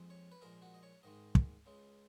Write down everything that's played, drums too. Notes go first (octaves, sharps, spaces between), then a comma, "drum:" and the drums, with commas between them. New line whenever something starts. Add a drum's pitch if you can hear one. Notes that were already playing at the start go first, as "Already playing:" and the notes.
Already playing: F2 F3 G#3
C#5
B4
A#2 F3 G#3 A#4
F#4
D#5
C#5
G#2 D#3 G#3 D#5
drum: kick
C#2 C#3 G#3